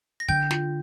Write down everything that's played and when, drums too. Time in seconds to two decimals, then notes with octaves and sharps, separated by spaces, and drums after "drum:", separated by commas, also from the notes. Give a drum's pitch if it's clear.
0.20 A#6
0.29 D3 G5 G6, drum: kick
0.51 F4, drum: snare